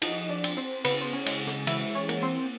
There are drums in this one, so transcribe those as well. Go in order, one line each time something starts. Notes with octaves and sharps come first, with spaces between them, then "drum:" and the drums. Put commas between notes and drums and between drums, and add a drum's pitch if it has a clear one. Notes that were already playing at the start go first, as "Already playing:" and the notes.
F3 D#4 D#5, drum: cymbal
D4 D5
C4, drum: cymbal
C4 C5
C#3 B3 B4, drum: cymbal
C5
C#4 C#5
G#3, drum: cymbal
drum: rim click
E3 E4 E5, drum: cymbal
C#4 C#5
A#3, drum: cymbal
C4 C5